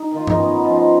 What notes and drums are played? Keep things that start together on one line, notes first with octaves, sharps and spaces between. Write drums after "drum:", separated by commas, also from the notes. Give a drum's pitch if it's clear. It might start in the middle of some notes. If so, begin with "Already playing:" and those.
Already playing: D#4
D#3 F4
D#4, drum: tom G2
B3 C#4
D#4
F3 F4
D#4